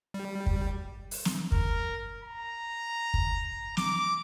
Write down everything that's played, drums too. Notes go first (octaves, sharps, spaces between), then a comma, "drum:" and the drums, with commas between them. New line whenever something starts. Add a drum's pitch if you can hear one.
G3
drum: kick
drum: open hi-hat
drum: snare
A#4, drum: kick
A#5
drum: kick
D6, drum: snare